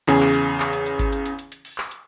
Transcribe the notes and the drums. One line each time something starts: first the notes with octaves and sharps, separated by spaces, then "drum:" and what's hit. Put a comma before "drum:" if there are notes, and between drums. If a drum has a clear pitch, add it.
E2 C#3 G#4, drum: open hi-hat
drum: clap
drum: hi-hat
drum: clap
drum: hi-hat
drum: hi-hat
drum: kick G#1, hi-hat
drum: hi-hat
drum: hi-hat
drum: hi-hat
drum: hi-hat
drum: open hi-hat
drum: clap
drum: hi-hat